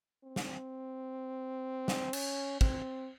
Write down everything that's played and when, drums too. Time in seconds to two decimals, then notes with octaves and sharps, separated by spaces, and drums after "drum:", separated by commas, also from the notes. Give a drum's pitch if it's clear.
0.24 C4
0.36 drum: snare
1.88 drum: snare
2.13 C#4, drum: cymbal
2.61 C4, drum: kick